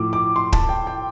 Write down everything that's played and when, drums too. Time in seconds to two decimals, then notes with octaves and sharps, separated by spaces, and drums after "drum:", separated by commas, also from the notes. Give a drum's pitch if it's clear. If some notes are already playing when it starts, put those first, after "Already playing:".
Already playing: A2 F3 D6
0.13 D6
0.36 C6
0.53 A5, drum: kick
0.69 G5
0.87 G5